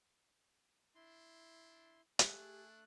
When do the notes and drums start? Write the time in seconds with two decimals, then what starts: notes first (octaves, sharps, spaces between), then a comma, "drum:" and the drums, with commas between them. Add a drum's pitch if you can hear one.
0.95 D4 E4 C6
2.19 A3 D4 G4 G#4 F#6, drum: hi-hat